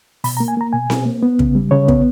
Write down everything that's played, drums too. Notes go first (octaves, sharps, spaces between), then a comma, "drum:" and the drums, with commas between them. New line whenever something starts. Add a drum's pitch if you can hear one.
B2 B5, drum: open hi-hat
A#5
A#3
G#5
A#3 A#5
B2 G#5
B2, drum: snare C4
A#3
B3
C#3, drum: kick
G3
C#3 C#5
B3, drum: kick